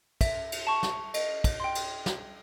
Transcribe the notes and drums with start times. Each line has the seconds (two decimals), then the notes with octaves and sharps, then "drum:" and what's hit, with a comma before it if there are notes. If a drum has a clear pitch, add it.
0.21 E5, drum: kick, cymbal
0.52 drum: cymbal
0.67 A5 C#6
0.83 drum: snare
1.14 D#5, drum: cymbal
1.44 drum: kick, cymbal
1.60 G5 C6
1.75 drum: cymbal
2.06 drum: snare